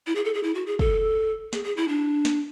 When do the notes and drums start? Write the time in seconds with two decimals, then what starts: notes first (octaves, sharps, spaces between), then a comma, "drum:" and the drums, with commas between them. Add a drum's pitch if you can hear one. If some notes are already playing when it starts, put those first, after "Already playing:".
0.07 E4
0.15 G#4
0.25 A4
0.34 G#4
0.43 E4
0.55 F#4
0.67 G#4
0.79 A4, drum: kick
1.53 G#4, drum: snare
1.64 G#4
1.77 E4
1.88 D4
2.25 drum: snare